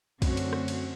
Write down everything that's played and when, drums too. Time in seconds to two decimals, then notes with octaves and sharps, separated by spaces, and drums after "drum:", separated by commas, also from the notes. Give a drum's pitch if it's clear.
0.22 F#2 D3 A3 C4 C#4 F#4, drum: kick, cymbal
0.37 drum: cymbal
0.53 drum: rim click
0.68 drum: cymbal